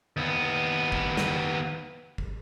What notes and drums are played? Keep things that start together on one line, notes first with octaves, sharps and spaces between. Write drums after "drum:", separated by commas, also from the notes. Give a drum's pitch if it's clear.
D#2 B3
drum: kick
drum: snare
drum: kick